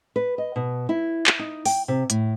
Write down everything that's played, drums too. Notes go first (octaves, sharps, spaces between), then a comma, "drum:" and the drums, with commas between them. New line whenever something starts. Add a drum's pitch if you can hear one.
B4
D#5
B2
E4
drum: clap
D#4
G5, drum: open hi-hat
C3
A2, drum: hi-hat